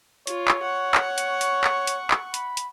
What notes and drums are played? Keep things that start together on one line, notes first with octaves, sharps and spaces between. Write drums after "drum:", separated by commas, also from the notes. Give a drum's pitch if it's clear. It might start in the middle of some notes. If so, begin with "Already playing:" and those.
F4 C#5, drum: hi-hat
drum: clap
F#5 C#6
drum: clap
drum: hi-hat
drum: hi-hat
drum: clap
drum: hi-hat
drum: clap
B5, drum: hi-hat
drum: hi-hat